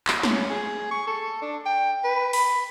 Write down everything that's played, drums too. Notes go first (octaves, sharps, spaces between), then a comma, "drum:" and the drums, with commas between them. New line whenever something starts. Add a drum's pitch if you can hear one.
drum: clap
C#4, drum: snare
G#4
C#6
A4
D4
G5
B4
B5, drum: open hi-hat